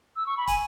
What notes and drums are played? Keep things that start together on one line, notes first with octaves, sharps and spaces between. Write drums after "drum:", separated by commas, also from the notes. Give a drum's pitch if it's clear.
E6
C#6
B5
G#5, drum: kick, hi-hat